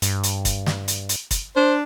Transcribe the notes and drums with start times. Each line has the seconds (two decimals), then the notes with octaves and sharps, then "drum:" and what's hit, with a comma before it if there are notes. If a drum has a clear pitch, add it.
0.02 G2, drum: hi-hat
0.24 drum: hi-hat
0.45 drum: kick, hi-hat
0.66 drum: snare
0.88 drum: hi-hat
1.09 drum: hi-hat
1.31 drum: kick, hi-hat
1.56 D4 C5